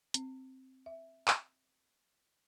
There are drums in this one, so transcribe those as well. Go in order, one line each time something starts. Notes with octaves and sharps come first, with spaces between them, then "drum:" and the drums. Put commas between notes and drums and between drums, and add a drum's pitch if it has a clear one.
C4, drum: hi-hat
E5
drum: clap